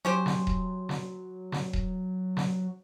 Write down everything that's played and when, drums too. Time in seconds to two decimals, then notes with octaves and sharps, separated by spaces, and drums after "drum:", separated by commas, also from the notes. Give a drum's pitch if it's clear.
0.05 F#3 C#4 G4 C5
0.26 drum: snare
0.47 drum: kick D#1
0.89 drum: snare
1.52 drum: snare
1.73 drum: kick D#1
2.37 drum: snare